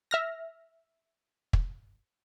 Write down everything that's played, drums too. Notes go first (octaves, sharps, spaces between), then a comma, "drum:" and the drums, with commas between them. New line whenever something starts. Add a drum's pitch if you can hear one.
E5 F6 A#6
drum: kick